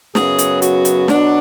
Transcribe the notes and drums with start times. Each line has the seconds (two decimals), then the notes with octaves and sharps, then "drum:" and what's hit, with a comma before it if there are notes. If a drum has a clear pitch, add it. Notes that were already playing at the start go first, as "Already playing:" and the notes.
0.15 F#2 C#3 F#3 B3 G#4, drum: snare
0.38 drum: hi-hat
0.62 F#4, drum: hi-hat
0.85 drum: hi-hat
1.08 B2 F#3 B3 D4, drum: snare